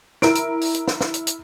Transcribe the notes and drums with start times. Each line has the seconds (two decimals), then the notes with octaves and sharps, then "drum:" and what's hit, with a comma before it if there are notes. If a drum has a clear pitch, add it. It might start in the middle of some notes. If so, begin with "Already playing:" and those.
0.22 E4 A#4 D7, drum: snare
0.35 drum: hi-hat
0.61 drum: open hi-hat
0.74 drum: hi-hat
0.88 drum: snare
1.01 drum: snare
1.14 drum: hi-hat
1.27 drum: hi-hat